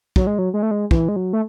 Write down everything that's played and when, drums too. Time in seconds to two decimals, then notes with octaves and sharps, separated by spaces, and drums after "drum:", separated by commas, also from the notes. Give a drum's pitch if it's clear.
0.16 F#3, drum: kick
0.27 G#3
0.39 F#3
0.54 G#3
0.63 A3
0.71 G#3
0.91 E3, drum: kick
1.09 G#3
1.16 F#3
1.33 A3